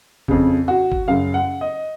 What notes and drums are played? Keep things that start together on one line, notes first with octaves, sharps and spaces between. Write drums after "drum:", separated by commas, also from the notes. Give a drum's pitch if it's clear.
F2 C#3, drum: kick G1
F#4
drum: kick G1
F#2 C#3 F5
F#5
D#5